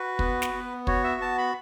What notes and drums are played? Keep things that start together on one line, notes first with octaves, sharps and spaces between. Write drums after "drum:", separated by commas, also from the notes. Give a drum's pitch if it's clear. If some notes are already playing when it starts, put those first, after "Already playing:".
Already playing: F#4 B4
B3, drum: kick
drum: snare
B3
F#4 C#5, drum: kick
E5
B3 A5
B5